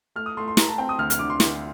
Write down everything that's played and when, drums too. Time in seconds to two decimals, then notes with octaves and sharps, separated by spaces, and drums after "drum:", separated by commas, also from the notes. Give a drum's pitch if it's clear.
0.15 A3 F6
0.26 D#6
0.37 A3 C6
0.48 C6
0.57 A3 A#5, drum: snare
0.68 A5
0.78 C4 G5
0.89 D#6
0.98 D2 F6
1.10 F6, drum: hi-hat
1.19 D3 D6
1.30 C6
1.40 D2, drum: snare